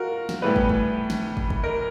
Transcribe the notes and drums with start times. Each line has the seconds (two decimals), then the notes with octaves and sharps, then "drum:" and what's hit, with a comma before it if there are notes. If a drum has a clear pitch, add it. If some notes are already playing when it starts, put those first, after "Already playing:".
Already playing: F4 F#4 A#4
0.29 drum: snare
0.42 A2 E3 G3 B3 B4
0.56 drum: kick
0.69 drum: kick
1.10 drum: snare
1.37 drum: kick
1.50 drum: kick
1.64 A#4